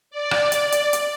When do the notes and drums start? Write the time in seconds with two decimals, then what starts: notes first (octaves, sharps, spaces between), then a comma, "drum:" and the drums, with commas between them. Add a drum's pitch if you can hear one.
0.11 D5
0.31 drum: rim click
0.52 drum: hi-hat
0.72 drum: hi-hat
0.93 drum: hi-hat